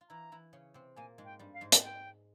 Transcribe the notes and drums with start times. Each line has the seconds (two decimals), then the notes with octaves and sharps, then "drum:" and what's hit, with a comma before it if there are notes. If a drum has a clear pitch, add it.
0.01 F4
0.10 E3 E4 A#5
0.32 E3 E4
0.53 C#3 C#4
0.74 C3 C4
0.96 A#2 A#3 G#5
1.18 G#2 G#3
1.25 G5
1.39 G2 G3
1.54 F5
1.61 G#2 G#3
1.72 drum: hi-hat
1.83 G5